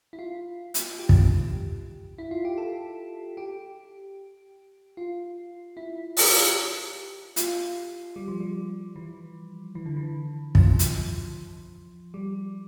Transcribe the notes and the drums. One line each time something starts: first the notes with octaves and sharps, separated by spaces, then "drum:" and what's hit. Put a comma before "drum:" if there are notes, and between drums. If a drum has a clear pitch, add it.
E4
F4
drum: hi-hat
G4
drum: kick
E4
F4
G4
A4
G4
F4
E4
G4, drum: open hi-hat
F4
G4
F4, drum: hi-hat
G3
F3
G3
E3
E3
D3
E3
F3, drum: kick
drum: hi-hat
G3